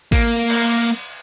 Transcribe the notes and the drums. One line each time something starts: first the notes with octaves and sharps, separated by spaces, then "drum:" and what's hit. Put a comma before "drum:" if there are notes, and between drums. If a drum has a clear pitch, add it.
A#3, drum: kick
drum: cymbal